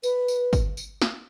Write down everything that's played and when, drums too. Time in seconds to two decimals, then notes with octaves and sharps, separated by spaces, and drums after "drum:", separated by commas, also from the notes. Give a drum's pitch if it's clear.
0.03 B4, drum: tambourine
0.28 drum: tambourine
0.53 drum: kick, tambourine
0.77 drum: tambourine
1.02 drum: snare